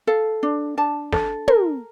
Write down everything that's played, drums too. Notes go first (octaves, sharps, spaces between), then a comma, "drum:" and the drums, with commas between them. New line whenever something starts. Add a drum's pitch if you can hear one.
A4 F5
D4
D4 A5
A4, drum: snare
A#4, drum: tom